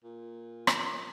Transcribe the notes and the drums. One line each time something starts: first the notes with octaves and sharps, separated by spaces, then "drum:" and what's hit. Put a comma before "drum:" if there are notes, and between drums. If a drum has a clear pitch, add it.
A#2
drum: rim click